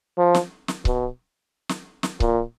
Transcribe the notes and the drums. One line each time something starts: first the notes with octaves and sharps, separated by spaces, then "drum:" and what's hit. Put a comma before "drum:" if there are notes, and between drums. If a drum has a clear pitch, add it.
F3
drum: snare
drum: snare
B2, drum: kick C#1
drum: snare
drum: snare
A#2, drum: kick C#1